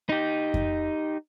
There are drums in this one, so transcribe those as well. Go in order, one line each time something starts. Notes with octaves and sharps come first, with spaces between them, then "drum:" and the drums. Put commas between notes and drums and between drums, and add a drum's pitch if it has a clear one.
D#4 G4
drum: kick F2